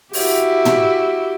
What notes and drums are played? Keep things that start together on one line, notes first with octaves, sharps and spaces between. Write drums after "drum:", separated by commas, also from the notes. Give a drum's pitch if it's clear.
E4 F#4 G4, drum: open hi-hat
drum: tom